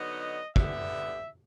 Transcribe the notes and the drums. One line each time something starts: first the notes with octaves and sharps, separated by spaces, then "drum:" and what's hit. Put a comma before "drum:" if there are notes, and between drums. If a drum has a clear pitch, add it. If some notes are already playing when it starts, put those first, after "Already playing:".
Already playing: D3 F#3 B3 D#4 D#5
D3 G3 B3 E5, drum: kick